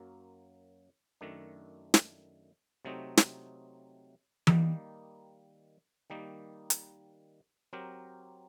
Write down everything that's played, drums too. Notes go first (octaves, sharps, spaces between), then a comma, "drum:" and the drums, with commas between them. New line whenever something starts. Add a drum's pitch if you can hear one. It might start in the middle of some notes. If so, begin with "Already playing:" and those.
Already playing: F#2 F#3 A#3
F#2 D#3 A3 D4
drum: snare
C3 F#3 A3 C4 D#4
drum: snare
D#3 G3 A#3 D#4, drum: tom E3
D#3 G3 A#3 D#4
drum: hi-hat
F#3 C4 G4 A#4